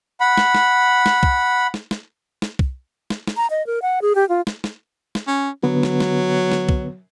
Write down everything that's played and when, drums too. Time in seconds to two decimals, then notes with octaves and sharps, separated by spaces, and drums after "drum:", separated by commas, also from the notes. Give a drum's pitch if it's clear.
0.20 F#5 B5
0.37 drum: snare
0.55 drum: snare
1.06 drum: snare
1.23 drum: kick
1.74 drum: snare
1.91 drum: snare
2.42 drum: snare
2.59 drum: kick
3.10 drum: snare
3.27 drum: snare
3.37 A#5
3.50 D#5
3.67 A#4
3.82 F#5
4.02 G#4
4.15 G4
4.29 F4
4.47 drum: snare
4.64 drum: snare
5.15 drum: snare
5.27 C#4
5.63 D3 F#3 B3 B4
5.83 drum: snare
6.00 drum: snare
6.52 drum: snare
6.69 drum: kick